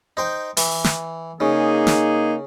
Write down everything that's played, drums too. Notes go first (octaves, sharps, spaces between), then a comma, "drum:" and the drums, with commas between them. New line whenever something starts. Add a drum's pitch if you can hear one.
D#4 C5 G5
E3, drum: open hi-hat
drum: snare
C#3 A#3 D#4 G#4
drum: snare